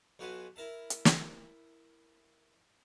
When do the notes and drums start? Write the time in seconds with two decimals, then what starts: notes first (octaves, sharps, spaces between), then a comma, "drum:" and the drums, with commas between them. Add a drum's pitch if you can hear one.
0.19 B1 F4 F#4 B4 G#5 A5
0.56 E4 A#4 E5 A5
0.90 drum: hi-hat
1.05 drum: snare